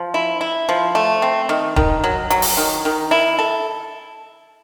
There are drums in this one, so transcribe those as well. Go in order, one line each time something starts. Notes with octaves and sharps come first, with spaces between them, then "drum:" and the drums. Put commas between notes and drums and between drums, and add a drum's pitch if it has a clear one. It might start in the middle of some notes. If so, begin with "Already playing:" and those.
Already playing: F3
E4
E4
F3
A3
C4
D#3
D#3, drum: kick D#1
F#3
F#3, drum: hi-hat
drum: open hi-hat
D#3
D#3
E4
A4